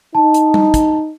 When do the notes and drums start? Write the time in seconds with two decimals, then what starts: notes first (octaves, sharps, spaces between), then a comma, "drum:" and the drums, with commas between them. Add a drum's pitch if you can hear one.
0.15 D#4 A5
0.34 drum: hi-hat
0.54 drum: tom G3
0.74 drum: kick, hi-hat